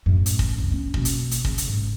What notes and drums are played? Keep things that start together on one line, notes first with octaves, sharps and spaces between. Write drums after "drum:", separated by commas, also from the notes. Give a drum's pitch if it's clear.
F#2 A2
drum: hi-hat
drum: kick
C2
B3 C#4
B2 A#3, drum: kick
drum: hi-hat
drum: hi-hat
C#3, drum: kick
drum: hi-hat
G#2